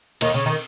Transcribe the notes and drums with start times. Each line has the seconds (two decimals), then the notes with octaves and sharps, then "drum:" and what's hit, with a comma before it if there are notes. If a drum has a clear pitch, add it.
0.21 D#2 D#3, drum: cymbal
0.34 C#3
0.46 D#3